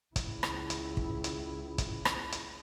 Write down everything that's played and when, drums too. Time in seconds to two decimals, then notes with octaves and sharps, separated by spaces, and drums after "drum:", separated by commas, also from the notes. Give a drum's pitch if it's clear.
0.16 C#2 E4, drum: kick, hi-hat
0.43 drum: rim click
0.70 drum: hi-hat
0.97 drum: kick
1.24 drum: hi-hat
1.78 drum: kick, hi-hat
2.05 drum: rim click
2.32 drum: hi-hat